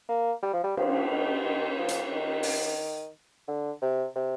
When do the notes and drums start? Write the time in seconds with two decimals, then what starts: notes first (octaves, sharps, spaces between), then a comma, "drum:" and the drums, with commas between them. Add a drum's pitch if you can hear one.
0.09 A#3
0.43 G3
0.53 F3
0.64 G3
0.77 F3, drum: cymbal
1.11 D#3
1.45 D#3
1.79 F3
1.88 drum: hi-hat
2.13 D#3
2.43 drum: open hi-hat
3.48 D3
3.82 C3
4.16 C3